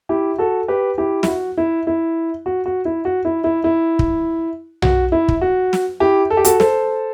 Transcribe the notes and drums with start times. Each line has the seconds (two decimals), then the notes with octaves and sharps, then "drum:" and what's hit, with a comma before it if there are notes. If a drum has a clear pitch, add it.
0.09 E4 G4
0.38 F#4 A4
0.68 G4 B4
0.98 E4 G4
1.23 E4, drum: snare
1.28 F#4
1.58 E4
1.87 E4
2.46 F#4
2.66 F#4
2.85 E4
3.05 F#4
3.25 E4
3.44 E4
3.64 E4
3.99 drum: kick
4.82 F#4, drum: tom B1
5.12 E4
5.28 drum: kick
5.41 F#4
5.73 drum: snare
6.00 E4 G4
6.30 A4
6.37 G4
6.45 F#4 A4, drum: hi-hat
6.60 A4 C5, drum: snare